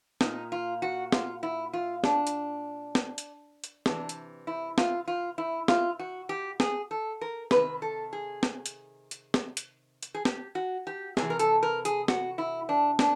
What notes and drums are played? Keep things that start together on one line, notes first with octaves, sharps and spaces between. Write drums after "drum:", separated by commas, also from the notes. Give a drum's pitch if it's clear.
A#2 D#4, drum: snare
F4
F#4
F4, drum: snare
E4
F4
D4, drum: snare
drum: hi-hat
drum: snare
drum: hi-hat
drum: hi-hat
C3 E3 D4, drum: snare
drum: hi-hat
E4
F4, drum: snare
F4
E4
F4, drum: snare
F#4
G4
G#4, drum: snare
A4
A#4
C3 D#3 B4, drum: snare
A4
G#4
drum: snare
drum: hi-hat
drum: hi-hat
drum: snare
drum: hi-hat
drum: hi-hat
G#4
G4, drum: snare
F#4
G4
C3 E3 G#4, drum: snare
A#4
A4, drum: hi-hat
A#4
G#4, drum: hi-hat
F#4, drum: snare
E4
D4
D4, drum: snare